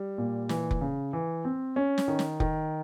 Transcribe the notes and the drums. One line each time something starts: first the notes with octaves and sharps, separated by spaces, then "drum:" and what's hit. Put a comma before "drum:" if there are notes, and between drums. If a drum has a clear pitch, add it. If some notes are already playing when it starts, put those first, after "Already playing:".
Already playing: G3
A#2
E3, drum: snare
drum: kick F1
C#3
E3
C4
C#4
drum: snare
D#3
drum: snare
D#3, drum: kick F1